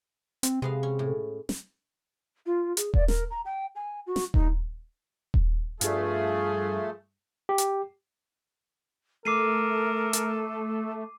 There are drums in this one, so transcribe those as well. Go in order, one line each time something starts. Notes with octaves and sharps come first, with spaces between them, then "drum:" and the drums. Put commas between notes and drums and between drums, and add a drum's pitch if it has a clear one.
C4, drum: hi-hat
C3 G#3 B3 F5
C#4
A2
drum: snare
F4
G#4, drum: hi-hat
D5, drum: kick D#1
A#4, drum: snare
A#5
G5
G#5
F#4
drum: snare
D#4, drum: kick D#1
drum: kick D#1
G2 F3 A3 F4 G#4, drum: hi-hat
G4
drum: hi-hat
A3 A4 A#4 D6 C7 D#7
drum: hi-hat